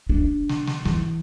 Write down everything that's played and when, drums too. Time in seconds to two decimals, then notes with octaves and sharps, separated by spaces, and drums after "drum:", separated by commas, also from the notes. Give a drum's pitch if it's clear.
0.09 D4
0.49 drum: snare
0.67 drum: snare
0.85 E3, drum: snare